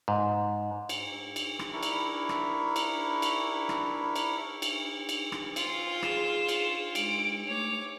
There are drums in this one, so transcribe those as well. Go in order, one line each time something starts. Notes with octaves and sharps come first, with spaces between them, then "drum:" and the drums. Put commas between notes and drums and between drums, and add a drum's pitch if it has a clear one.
G#2
drum: cymbal
drum: cymbal
drum: rim click
D4 E4 A#4 B5 C#6
drum: cymbal
drum: rim click
drum: cymbal
drum: cymbal
drum: rim click
drum: cymbal
drum: cymbal
drum: cymbal
drum: rim click
F4, drum: cymbal
G#4 E7, drum: rim click
drum: cymbal
G#3 D7, drum: cymbal
A3 C#5 D6 F7